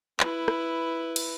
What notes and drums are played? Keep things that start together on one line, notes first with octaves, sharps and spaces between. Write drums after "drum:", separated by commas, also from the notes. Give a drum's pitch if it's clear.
E4 B4, drum: clap
drum: rim click
drum: cymbal